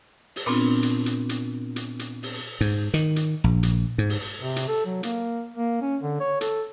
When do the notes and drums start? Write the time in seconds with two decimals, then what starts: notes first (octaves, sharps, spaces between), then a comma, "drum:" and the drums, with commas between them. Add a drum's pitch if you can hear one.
0.36 drum: open hi-hat
0.46 A#2 B3 C4 D4 F4
0.83 drum: hi-hat
1.06 drum: hi-hat
1.29 drum: hi-hat
1.76 drum: hi-hat
1.99 drum: hi-hat
2.23 drum: open hi-hat
2.61 G#2
2.94 D#3, drum: hi-hat
3.16 drum: hi-hat
3.44 A#1
3.63 drum: hi-hat
3.98 G#2
4.10 drum: open hi-hat
4.41 C3
4.56 drum: hi-hat
4.68 A4
4.85 F#3
5.03 A#3, drum: hi-hat
5.53 A#3
5.81 C#4
6.01 D3
6.20 C#5
6.41 A4, drum: hi-hat